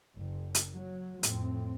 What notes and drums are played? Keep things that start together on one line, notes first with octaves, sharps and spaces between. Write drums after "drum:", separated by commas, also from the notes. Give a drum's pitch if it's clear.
F#1
drum: hi-hat
F#3
F2 A2 C4, drum: hi-hat